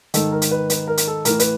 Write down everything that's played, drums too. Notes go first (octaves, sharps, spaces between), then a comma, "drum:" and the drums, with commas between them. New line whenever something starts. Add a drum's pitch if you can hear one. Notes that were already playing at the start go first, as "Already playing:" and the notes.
G#2 D#3 A4, drum: hi-hat
A#4
drum: hi-hat
B4
B4, drum: hi-hat
A#4
drum: hi-hat
A4
A2 E3 A#4, drum: hi-hat
B4, drum: hi-hat